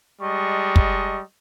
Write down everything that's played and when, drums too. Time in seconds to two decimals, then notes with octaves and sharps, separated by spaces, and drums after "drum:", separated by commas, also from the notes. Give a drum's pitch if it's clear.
0.21 G3 G#3 D#5 A5 C#6
0.76 drum: kick